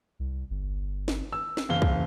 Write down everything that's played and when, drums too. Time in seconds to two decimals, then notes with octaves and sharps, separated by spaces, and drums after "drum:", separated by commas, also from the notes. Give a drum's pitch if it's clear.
0.19 C2
0.50 G1
1.08 drum: snare
1.33 E6
1.57 drum: snare
1.69 F#1 E3 F5 G7
1.82 drum: kick